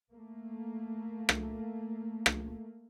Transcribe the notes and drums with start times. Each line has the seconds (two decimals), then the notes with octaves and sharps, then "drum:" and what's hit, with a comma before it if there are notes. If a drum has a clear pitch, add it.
0.12 A3 A#3
1.29 drum: rim click
2.26 drum: rim click